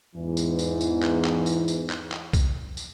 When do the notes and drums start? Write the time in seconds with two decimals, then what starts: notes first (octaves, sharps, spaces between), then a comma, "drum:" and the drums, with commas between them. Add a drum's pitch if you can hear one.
0.15 E2 G#2 E3
0.37 drum: tambourine
0.59 drum: tambourine
0.81 drum: tambourine
1.02 drum: clap
1.24 drum: clap
1.46 drum: tambourine
1.68 drum: tambourine
1.90 drum: clap
2.12 drum: clap
2.33 drum: kick, tambourine
2.77 drum: tambourine